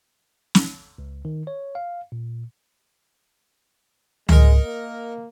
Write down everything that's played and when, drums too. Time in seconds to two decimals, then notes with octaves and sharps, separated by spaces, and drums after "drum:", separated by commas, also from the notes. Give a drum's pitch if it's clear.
0.55 drum: snare
0.98 C#2
1.25 D#3
1.47 C#5
1.75 F5
2.12 A#2
4.29 G#3 D#4 A#4, drum: tom C#2
4.64 A#3